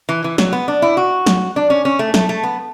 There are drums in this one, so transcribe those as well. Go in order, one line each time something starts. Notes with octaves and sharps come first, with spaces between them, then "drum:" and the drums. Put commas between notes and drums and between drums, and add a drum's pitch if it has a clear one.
E3
E3
F#3, drum: snare
B3
D4
E4
F#4
drum: snare
D4
C#4
C#4
A3
A3, drum: snare
A3
B3